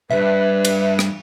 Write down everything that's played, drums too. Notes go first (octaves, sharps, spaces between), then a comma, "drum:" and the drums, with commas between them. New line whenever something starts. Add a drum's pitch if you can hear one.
C2 G2 B4 E5
drum: cymbal
drum: rim click